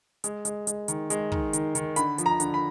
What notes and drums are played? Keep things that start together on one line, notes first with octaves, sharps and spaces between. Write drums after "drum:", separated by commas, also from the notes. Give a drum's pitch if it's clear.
G#3, drum: hi-hat
G#3, drum: hi-hat
G#3, drum: hi-hat
D#3, drum: hi-hat
G#3, drum: hi-hat
D#3, drum: kick
D#3, drum: hi-hat
D#3, drum: hi-hat
D3 B5, drum: hi-hat
F3, drum: hi-hat
A#5
D3, drum: hi-hat
B5